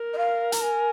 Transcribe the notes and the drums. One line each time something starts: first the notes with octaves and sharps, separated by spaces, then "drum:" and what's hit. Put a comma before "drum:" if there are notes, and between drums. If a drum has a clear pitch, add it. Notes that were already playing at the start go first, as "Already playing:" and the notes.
Already playing: A#4
D#5
F5
A#5, drum: hi-hat
G#5